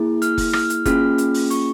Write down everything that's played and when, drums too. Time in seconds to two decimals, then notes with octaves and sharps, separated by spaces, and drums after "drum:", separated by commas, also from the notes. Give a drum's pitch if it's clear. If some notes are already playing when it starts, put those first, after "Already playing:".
Already playing: A#3 E4 G#4
0.22 F6, drum: hi-hat
0.38 drum: kick F#1, open hi-hat
0.53 F6, drum: rim click
0.70 drum: hi-hat
0.86 A#3 C#4 F4 G#4 F6, drum: kick F#1, hi-hat
1.18 drum: hi-hat
1.34 drum: open hi-hat
1.51 C#6, drum: hi-hat